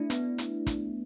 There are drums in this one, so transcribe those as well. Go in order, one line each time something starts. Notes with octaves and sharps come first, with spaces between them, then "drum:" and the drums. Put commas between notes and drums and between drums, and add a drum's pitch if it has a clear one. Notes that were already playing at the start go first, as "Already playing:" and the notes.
Already playing: A3 D4 E4
B3, drum: hi-hat
drum: hi-hat
drum: kick, hi-hat